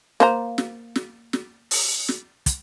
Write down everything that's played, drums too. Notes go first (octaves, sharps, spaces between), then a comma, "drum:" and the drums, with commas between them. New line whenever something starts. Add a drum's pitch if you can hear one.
A#3 C5 A#5, drum: snare
drum: snare
drum: snare
drum: snare
drum: open hi-hat
drum: snare
drum: kick, hi-hat